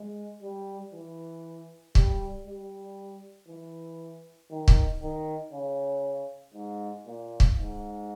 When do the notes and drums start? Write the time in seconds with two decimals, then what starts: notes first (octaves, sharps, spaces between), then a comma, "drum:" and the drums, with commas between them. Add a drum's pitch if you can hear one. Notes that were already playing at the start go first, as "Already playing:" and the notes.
Already playing: G#3
0.42 G3
0.93 E3
1.95 G3, drum: kick
2.47 G3
3.48 E3
4.51 D#3
4.68 drum: kick
5.02 D#3
5.52 C#3
6.54 G#2
7.06 A#2
7.40 drum: kick
7.57 G#2